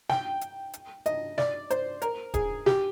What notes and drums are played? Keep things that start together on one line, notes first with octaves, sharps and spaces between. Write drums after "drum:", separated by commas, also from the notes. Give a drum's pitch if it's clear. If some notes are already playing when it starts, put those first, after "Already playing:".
G5, drum: snare
drum: hi-hat
drum: hi-hat
D#5, drum: hi-hat
D5, drum: snare
C5, drum: hi-hat
A#4, drum: hi-hat
G#4, drum: kick D#1, hi-hat
G4, drum: snare